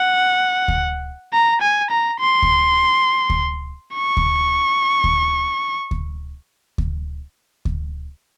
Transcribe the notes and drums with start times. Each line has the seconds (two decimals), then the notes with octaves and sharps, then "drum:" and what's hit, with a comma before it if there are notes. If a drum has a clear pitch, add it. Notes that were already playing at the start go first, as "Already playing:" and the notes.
Already playing: F#5
0.68 drum: kick D2
1.33 A#5
1.62 G#5
1.91 A#5
2.21 C6
2.42 drum: kick D2
3.30 drum: kick D2
3.95 C#6
4.17 drum: kick D2
5.04 drum: kick D2
5.91 drum: kick D2
6.78 drum: kick D2
7.65 drum: kick D2